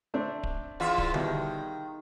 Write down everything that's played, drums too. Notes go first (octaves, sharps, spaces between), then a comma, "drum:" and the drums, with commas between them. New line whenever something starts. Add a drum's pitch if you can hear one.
A3 C4 D4
drum: kick D1
E2 F4 E5
drum: kick D1
B2 D#3 G3 E4, drum: tom D3